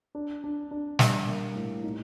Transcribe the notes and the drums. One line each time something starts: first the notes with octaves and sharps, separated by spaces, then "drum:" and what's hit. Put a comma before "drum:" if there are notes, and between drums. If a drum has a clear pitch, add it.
D4
D4
D4
G3, drum: snare
A#3
A2
D#4